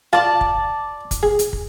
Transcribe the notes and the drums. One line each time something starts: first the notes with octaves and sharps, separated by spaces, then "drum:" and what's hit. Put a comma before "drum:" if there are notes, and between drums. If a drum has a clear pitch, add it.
F4 D5 A5
drum: kick
drum: kick, hi-hat
G#4
drum: hi-hat
drum: kick